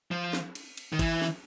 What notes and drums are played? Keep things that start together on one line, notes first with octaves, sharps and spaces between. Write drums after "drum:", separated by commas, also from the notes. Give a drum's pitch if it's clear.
F3
drum: snare
drum: cymbal
drum: cymbal
D#3
E3, drum: kick, cymbal
drum: snare